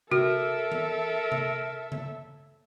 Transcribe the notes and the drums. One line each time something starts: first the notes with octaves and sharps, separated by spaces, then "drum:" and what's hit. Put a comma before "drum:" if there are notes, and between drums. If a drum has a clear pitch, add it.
F#4 A4 A#4 E5, drum: tom C3
drum: tom D#3
drum: tom C3
drum: tom C#3